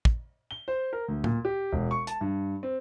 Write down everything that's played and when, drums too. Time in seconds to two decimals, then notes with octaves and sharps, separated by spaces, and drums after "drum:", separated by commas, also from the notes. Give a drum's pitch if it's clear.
0.05 drum: kick
0.51 G7
0.68 C5
0.93 A#4
1.08 D2
1.24 A#2, drum: tom A2
1.45 G4
1.73 E1
1.91 C#6
2.07 A5, drum: hi-hat
2.21 G2
2.63 C4